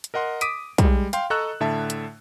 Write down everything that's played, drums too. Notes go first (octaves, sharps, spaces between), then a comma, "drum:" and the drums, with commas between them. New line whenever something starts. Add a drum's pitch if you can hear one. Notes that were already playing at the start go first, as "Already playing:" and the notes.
drum: hi-hat
A#4 D#5 F#5 C6
D6 D#6 B6 D7 D#7, drum: hi-hat
G3 G#3, drum: kick, hi-hat
F5 G5 C6, drum: hi-hat
A4 D#5 A#5 C#6 E6 F#6
A2 D3 E5 A5
drum: hi-hat